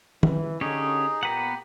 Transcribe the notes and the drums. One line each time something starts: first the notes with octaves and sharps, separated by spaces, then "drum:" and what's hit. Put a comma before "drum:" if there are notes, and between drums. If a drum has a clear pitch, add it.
E3, drum: tom D#3
D3 C#4 D#4 G4 G#4 C#5
A#2 B3 G4 B4 F#5 A#5